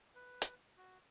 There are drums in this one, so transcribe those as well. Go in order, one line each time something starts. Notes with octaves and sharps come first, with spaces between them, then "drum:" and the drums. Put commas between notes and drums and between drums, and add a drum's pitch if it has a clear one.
B4
drum: hi-hat
F#4